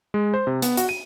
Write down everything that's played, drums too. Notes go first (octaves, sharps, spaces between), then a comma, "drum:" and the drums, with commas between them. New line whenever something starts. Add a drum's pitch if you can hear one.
G#3
C5
C3
B3, drum: hi-hat
F#4, drum: hi-hat
D#7